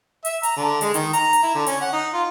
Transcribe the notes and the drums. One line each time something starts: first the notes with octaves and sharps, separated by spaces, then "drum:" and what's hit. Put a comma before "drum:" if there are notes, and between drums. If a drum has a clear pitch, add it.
E5, drum: hi-hat
A#5, drum: hi-hat
D3
G#3, drum: hi-hat
D#3, drum: hi-hat
A#5, drum: hi-hat
drum: hi-hat
E4
D3
C#4, drum: hi-hat
F#5
D#4
F4